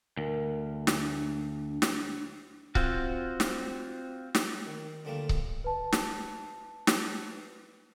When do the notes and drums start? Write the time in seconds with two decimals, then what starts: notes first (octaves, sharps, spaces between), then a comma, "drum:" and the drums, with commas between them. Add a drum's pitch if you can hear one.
0.17 D2 A#4
0.87 drum: snare
0.97 D4
1.82 drum: snare
2.75 C4 F4 F#4, drum: kick C#1
3.40 drum: snare
4.35 drum: snare
4.66 D#3
5.05 D2 D3 F3 G3 A3 A#3
5.29 drum: kick C#1
5.64 B4 A5
5.92 drum: snare
6.87 drum: snare